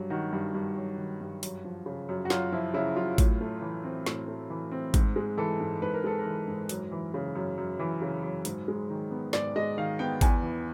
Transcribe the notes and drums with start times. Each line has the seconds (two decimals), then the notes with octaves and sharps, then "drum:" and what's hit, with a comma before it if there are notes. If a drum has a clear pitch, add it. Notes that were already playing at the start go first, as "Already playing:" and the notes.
Already playing: G2 F#3
0.10 D#3 F#4
0.33 G2
0.55 G2
0.77 F#3
0.98 D#3
1.21 G2
1.43 F#2, drum: hi-hat
1.65 F3
1.86 C#3
2.09 F#2
2.25 F#4
2.30 F#2 F4, drum: snare
2.52 F3 E4
2.74 C#3 E4
2.96 F#2 F4
3.18 A2, drum: kick G#1, hi-hat
3.41 A3
3.62 E3
3.84 C4
4.06 A2, drum: snare
4.28 A3
4.50 E3
4.72 C4
4.94 G#2, drum: kick G#1, hi-hat
5.16 G#3
5.37 E3 A4
5.60 G#2
5.82 G#2 B4
5.94 A#4
6.04 G#3 A4
6.19 A#4
6.26 E3
6.48 G#2
6.69 F#2, drum: hi-hat
6.92 E3
7.14 C#3
7.35 F#2
7.58 F#2
7.79 E3
8.02 C#3
8.23 F#2
8.45 G#2, drum: hi-hat
8.68 G#3
8.90 D#3
9.11 B3
9.33 G#2 D5, drum: snare
9.56 G#3 D#5
9.77 D#3 F5
9.99 B3 G5
10.21 E2 G#5, drum: kick G#1, hi-hat
10.43 E3